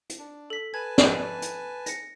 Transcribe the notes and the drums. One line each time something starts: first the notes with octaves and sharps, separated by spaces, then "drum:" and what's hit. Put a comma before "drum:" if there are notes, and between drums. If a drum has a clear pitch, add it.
drum: hi-hat
D4
A4 B6
B4 G#5 A5 B5 G#6
drum: snare
drum: hi-hat
A#6 C#7, drum: hi-hat